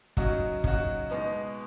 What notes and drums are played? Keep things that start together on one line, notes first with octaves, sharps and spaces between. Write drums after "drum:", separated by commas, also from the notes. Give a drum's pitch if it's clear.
C#3 F#3 D#4 F#4, drum: kick
C#3 F#3 D#4 F#4, drum: kick
B2 G#3 B3 D#4